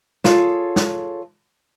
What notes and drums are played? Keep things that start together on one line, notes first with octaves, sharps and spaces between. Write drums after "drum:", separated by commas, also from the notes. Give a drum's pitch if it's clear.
F4 G#4 A4 C#5, drum: snare
drum: snare